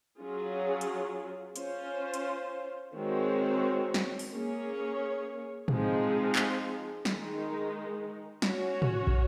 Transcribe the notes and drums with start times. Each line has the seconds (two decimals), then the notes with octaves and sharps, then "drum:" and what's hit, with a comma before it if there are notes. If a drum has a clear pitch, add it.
0.18 F#3 C#4 F4 G#4
0.81 drum: hi-hat
1.56 C#4 F4 C5, drum: hi-hat
2.14 drum: hi-hat
2.93 D#3 G#3 C4 F#4 C#5
3.94 drum: snare
4.19 drum: open hi-hat
4.30 A#3 C#4 G#4 C#5
5.68 F3 G#3 C4 D#4 G#4, drum: tom
6.35 drum: clap
7.05 D#3 G#3 D#4, drum: snare
8.42 C#4 F#4 C#5, drum: snare
8.82 drum: tom
9.07 drum: kick